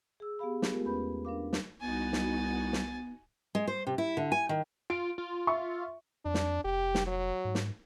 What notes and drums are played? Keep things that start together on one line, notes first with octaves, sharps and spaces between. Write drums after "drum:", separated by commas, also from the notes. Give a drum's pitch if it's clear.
G#4 E6
B3 G4 G#4 F5 B5
drum: snare
G#3 A3 B3 F4 G4 A#4
E2 C#4 B4 B5 G6
D4 A#4 F5 D6
drum: snare
C2 B3 D#4 F#4 G#5 A6
drum: snare
drum: snare
G#3
C5
C3
E4
D3
G#5
D#3
F4 D7
F4
E5 C#6
F2 D4
drum: snare
F1 G4
drum: snare
F#3
G#2
drum: snare